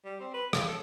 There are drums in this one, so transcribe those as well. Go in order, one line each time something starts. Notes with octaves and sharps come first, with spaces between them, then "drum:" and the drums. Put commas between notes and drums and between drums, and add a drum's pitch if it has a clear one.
G3
C4
B4
C#3, drum: rim click
A4